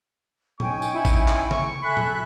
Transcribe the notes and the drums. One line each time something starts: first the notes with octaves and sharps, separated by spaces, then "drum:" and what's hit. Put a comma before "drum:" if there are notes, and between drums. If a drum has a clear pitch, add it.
C#4 D#4 G5 G#5 C#6, drum: tom A#2
drum: tambourine
E4
drum: kick A1, tambourine
drum: clap
C#6, drum: tom C#3
A4 E5 G#5 B5 F#6
drum: tom A#2